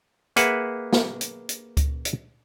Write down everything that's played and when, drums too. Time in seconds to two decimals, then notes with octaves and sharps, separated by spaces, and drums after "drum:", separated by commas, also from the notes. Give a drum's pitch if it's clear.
0.36 A#3 G#4 B4 E5 F#5, drum: hi-hat
0.93 drum: snare
1.21 drum: hi-hat
1.49 drum: hi-hat
1.77 drum: kick C#2, hi-hat
2.05 drum: hi-hat